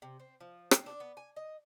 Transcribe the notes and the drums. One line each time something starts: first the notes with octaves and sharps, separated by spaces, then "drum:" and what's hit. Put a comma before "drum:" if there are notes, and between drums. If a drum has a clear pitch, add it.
C3
C4
F3
C4, drum: rim click
D4
B3
G#5
D#5